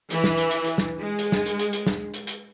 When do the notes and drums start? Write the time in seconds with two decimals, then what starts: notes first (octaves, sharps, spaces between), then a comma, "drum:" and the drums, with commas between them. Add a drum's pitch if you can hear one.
0.10 E3, drum: hi-hat
0.24 drum: snare
0.37 drum: hi-hat
0.51 drum: hi-hat
0.65 drum: hi-hat
0.78 drum: snare
0.99 G#3
1.19 drum: hi-hat
1.32 drum: snare
1.46 drum: hi-hat
1.59 drum: hi-hat
1.73 drum: hi-hat
1.87 drum: snare
2.14 drum: hi-hat
2.27 drum: hi-hat